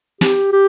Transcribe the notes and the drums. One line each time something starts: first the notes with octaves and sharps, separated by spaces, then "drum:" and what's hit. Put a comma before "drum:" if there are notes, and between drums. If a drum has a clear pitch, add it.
G4, drum: snare
G4